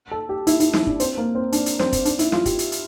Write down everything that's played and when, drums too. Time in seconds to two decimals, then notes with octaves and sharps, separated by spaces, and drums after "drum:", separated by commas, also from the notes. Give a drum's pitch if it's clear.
0.11 A4
0.29 G4
0.47 E4, drum: hi-hat
0.60 E4, drum: hi-hat
0.73 E4, drum: snare
0.87 D4, drum: kick
1.00 C4, drum: hi-hat
1.17 A#3
1.35 C4
1.52 D4, drum: hi-hat
1.66 drum: hi-hat
1.79 C4, drum: snare
1.92 drum: kick, hi-hat
2.05 D4, drum: hi-hat
2.19 E4, drum: hi-hat
2.32 F4, drum: snare
2.45 G4, drum: kick, hi-hat
2.59 drum: hi-hat
2.72 drum: hi-hat